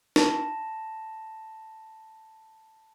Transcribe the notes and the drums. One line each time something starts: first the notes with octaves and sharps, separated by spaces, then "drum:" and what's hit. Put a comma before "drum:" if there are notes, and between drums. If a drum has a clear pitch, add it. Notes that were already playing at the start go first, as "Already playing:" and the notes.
A5 B5 A#6 E7, drum: snare